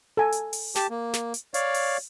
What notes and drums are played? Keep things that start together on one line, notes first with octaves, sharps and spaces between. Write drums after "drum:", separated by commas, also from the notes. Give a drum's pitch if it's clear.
A4 G#5
drum: hi-hat
drum: open hi-hat
G4 A5, drum: snare
A#3
drum: snare
drum: hi-hat
C#5 D5 F5, drum: hi-hat
drum: open hi-hat